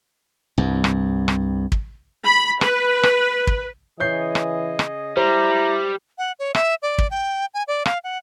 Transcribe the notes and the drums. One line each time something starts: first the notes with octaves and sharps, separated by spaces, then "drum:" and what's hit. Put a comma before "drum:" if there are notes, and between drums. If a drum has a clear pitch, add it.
C2 G2
drum: rim click
drum: rim click
drum: kick
B5
B4, drum: rim click
drum: rim click
drum: kick
C#3 E3 G#4 C#5 D#5 G6 C7
drum: rim click
drum: rim click
G3 E4 C5 A#5
F#5
C#5
E5, drum: rim click
D5
drum: kick
G5
G#5
D5
F5, drum: rim click
F#5